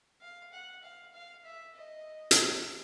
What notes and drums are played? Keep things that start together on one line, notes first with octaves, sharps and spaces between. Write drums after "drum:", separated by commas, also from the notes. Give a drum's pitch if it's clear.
F5
F#5
F5
F5
E5
D#5
drum: hi-hat